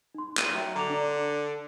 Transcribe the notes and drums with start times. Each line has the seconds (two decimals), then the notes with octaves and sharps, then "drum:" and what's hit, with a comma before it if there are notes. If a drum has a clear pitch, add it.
0.15 D#4 C6
0.38 D#7, drum: clap
0.54 F#3 E5 G5
0.75 D3 A#5 D6 F7
0.90 D4 D5